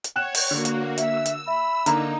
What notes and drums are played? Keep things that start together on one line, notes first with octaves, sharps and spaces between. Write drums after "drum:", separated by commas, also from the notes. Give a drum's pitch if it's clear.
drum: hi-hat
C#5 F#5 G5 F#6 E7
drum: open hi-hat
D3 A#3 F#4
drum: hi-hat
E5 E6, drum: hi-hat
drum: hi-hat
E5 B5
D3 A#3 D#4 A#5, drum: hi-hat